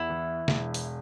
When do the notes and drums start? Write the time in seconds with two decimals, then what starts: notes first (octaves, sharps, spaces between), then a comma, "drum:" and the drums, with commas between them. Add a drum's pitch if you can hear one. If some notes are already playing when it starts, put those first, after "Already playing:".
Already playing: E2 E4
0.10 E3
0.48 E1, drum: snare
0.74 drum: open hi-hat